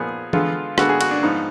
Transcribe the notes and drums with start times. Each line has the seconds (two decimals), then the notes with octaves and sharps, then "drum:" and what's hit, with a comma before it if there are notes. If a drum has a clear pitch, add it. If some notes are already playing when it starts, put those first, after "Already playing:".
Already playing: A#2 F3 B3 G#4
0.33 D3 G#3 B3 F4, drum: tom E3
0.78 D3 G#3 B3 F#4, drum: rim click
0.89 G#4
1.01 F#4, drum: cymbal
1.11 D4
1.23 G#2 F3 B3 D#4